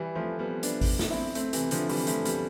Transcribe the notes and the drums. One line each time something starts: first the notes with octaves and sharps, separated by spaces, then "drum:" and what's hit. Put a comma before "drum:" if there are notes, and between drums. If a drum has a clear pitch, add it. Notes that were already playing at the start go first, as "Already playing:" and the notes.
Already playing: E3 G3
F3 A3
G3 B3
B3 D4, drum: hi-hat
drum: kick G#1, open hi-hat
drum: snare
C4 E4
A3 C4, drum: hi-hat
C3 E3, drum: hi-hat
D3 F3, drum: hi-hat
E3 G3, drum: open hi-hat
F3 A3, drum: hi-hat
G3 B3, drum: hi-hat